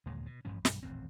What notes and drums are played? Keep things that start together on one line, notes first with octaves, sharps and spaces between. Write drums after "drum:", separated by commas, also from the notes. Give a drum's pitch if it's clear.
G1 D#2 A#2 G#3
B2
A1 G2 F3 C#4
B1 G2, drum: snare
D#1 A1 F2 C4